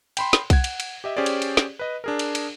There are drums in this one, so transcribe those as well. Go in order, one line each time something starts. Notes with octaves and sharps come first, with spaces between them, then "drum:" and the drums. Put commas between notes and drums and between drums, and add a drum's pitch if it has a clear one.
G5 B5 C6, drum: cymbal
drum: snare
F#5 G#6, drum: kick B1, cymbal
drum: cymbal
drum: cymbal
G4 D#5 E5
C#4 G4 G#4 C5 D5
drum: cymbal
drum: cymbal
drum: snare
B4 D#5
D4 G#4 A#4
drum: cymbal
drum: cymbal